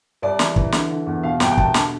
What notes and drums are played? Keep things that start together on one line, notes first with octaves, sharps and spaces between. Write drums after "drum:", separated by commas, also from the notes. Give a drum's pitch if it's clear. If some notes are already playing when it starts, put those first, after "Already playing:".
C2 D5
E3, drum: snare
E3, drum: kick
D3, drum: snare
D3
E2
B2 F5
C2 G5, drum: snare
G5
B2 A5, drum: kick
D3 A5, drum: snare